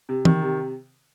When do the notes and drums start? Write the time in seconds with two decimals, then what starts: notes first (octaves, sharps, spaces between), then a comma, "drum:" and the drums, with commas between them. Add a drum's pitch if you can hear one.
0.09 C3
0.25 D#3, drum: tom E3
0.42 C3